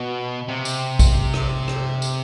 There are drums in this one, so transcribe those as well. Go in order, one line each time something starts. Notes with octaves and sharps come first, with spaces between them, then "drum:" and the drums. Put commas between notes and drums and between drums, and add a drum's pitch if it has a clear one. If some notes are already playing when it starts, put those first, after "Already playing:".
Already playing: B2
C3
drum: tambourine
drum: kick A#1, tambourine
drum: rim click
drum: rim click
drum: tambourine